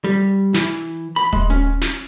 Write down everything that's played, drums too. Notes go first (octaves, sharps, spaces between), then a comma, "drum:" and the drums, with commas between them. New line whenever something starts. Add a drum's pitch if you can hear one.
G3
E3, drum: snare
B5
G#3, drum: kick D#1
C#4
drum: snare